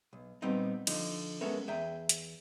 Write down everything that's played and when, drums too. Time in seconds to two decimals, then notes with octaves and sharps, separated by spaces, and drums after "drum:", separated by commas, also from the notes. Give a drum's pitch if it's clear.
0.13 B1
0.42 A#2 G3 B3 C4 D#4
0.87 D3 F3 D#4, drum: cymbal
1.41 G#3 B3 C#4 A4 A#4 E5
1.67 E2 G#4 E5 G5 A#5
2.09 drum: hi-hat